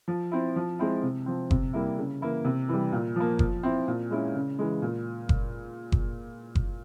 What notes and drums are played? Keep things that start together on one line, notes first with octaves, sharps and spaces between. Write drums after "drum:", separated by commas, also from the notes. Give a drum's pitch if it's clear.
F3
C4 E4
F3
G#3 C4 E4
C3
F3 C4
C3, drum: kick F#1
G3 A#3 E4
C#3
E3 A#3 E4
C3
E3 G3
A#2
F3 A#3
F3, drum: kick F#1
C4 E4
A#2
G#3 C#4 E4
C#3
E3 G#3
A#2
drum: kick F#1
drum: kick F#1
drum: kick F#1